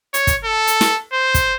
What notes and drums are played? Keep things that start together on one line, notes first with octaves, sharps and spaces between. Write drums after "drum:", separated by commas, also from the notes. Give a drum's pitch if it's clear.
C#5, drum: hi-hat
drum: kick, hi-hat
A4
drum: hi-hat
drum: snare
C5
drum: kick, hi-hat